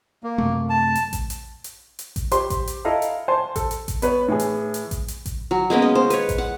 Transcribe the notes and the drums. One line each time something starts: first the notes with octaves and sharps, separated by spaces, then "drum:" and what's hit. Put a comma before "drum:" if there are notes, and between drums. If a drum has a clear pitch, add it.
A#3
F#2 C3 A3
A5
drum: hi-hat
drum: kick A1, hi-hat
drum: hi-hat
drum: hi-hat
drum: hi-hat
drum: kick A1, hi-hat
G4 C5 C6, drum: hi-hat
drum: kick A1, hi-hat
drum: hi-hat
E4 A4 D#5 F5 A#5
drum: hi-hat
C5 G#5 A5 C6
A4, drum: kick A1, hi-hat
drum: hi-hat
drum: kick A1, hi-hat
B3 B4 C#5, drum: hi-hat
A2 E3 G#4
drum: hi-hat
drum: hi-hat
drum: kick A1, hi-hat
drum: hi-hat
drum: kick A1, hi-hat
F#3
G#3 A#3 B3 C#4
D#5
C5
B4 C#5, drum: hi-hat
drum: kick A1, hi-hat
F#5